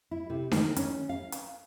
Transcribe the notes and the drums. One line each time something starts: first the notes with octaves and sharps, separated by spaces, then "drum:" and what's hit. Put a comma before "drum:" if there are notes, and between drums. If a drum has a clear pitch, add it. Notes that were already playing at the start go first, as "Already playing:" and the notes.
E4
C3
D#3, drum: snare D4
C#4, drum: hi-hat
F5
drum: hi-hat